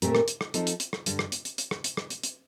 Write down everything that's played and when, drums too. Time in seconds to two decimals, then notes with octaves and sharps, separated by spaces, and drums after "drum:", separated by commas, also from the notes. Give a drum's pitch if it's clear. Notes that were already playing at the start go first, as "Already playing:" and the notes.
0.02 A#2 A3 C4 G4 A#4, drum: hi-hat
0.15 drum: rim click
0.28 drum: hi-hat
0.41 drum: rim click
0.54 F3 C4 D#4 A4, drum: hi-hat
0.67 drum: hi-hat
0.80 drum: hi-hat
0.93 drum: rim click
1.06 G2 D3 G3, drum: hi-hat
1.19 drum: rim click
1.32 drum: hi-hat
1.45 drum: hi-hat
1.58 drum: hi-hat
1.71 drum: rim click
1.84 drum: hi-hat
1.97 drum: rim click
2.10 drum: hi-hat
2.23 drum: hi-hat